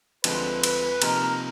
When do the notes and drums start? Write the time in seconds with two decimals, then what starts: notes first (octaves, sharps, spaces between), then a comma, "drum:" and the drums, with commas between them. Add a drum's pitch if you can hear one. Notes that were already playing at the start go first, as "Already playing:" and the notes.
0.24 D2 D3 F3 G#3 C4 B4, drum: cymbal
0.63 B4, drum: cymbal
1.02 C3 F3 A#3 D#4 A#4, drum: cymbal